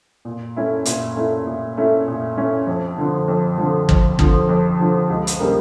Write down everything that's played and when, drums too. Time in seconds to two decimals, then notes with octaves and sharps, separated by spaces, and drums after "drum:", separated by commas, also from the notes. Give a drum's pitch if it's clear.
0.25 A#2
0.56 A3 C#4 E4
0.85 A#2, drum: hi-hat
1.16 A3 C#4 E4
1.47 A#2
1.77 A3 C#4 E4
2.08 A#2
2.37 A3 C#4 E4
2.67 F2
2.98 D3 F3
3.28 F2
3.58 D3 F3
3.89 F2, drum: kick
4.19 D3 F3, drum: kick
4.49 F2
4.80 D3 F3
5.10 C#2
5.27 drum: hi-hat
5.40 C#3 G3 A#3